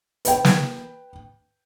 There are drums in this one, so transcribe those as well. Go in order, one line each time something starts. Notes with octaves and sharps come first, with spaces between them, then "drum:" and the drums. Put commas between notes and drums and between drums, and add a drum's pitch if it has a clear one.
B4 G5, drum: hi-hat
drum: snare